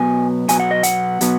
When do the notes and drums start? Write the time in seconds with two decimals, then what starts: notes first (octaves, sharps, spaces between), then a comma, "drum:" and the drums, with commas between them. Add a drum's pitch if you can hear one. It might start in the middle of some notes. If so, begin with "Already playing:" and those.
Already playing: B2 F#3 B3 G#5
0.49 B2 F#3 B3 G#5, drum: hi-hat
0.60 F#5
0.71 D#5
0.83 F#5, drum: hi-hat
1.21 B2 F#3 B3, drum: hi-hat